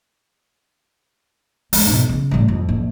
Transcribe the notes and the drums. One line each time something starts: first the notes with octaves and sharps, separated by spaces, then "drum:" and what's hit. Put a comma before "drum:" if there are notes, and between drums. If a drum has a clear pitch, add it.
G#3, drum: open hi-hat
B2 D#4
C#3
A2 G3
F2
A#1